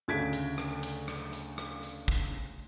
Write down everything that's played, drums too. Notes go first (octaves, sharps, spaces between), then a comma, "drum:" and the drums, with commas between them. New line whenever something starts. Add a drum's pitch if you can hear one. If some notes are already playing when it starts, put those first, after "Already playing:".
D2 C#3 G#6 B6 D7
drum: hi-hat
drum: rim click
drum: hi-hat
drum: rim click
drum: hi-hat
drum: rim click
drum: hi-hat
drum: kick